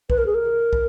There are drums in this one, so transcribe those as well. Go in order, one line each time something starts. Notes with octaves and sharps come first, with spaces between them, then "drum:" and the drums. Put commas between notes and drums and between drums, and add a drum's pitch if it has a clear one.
B4, drum: kick
A#4
G#4
A#4
drum: kick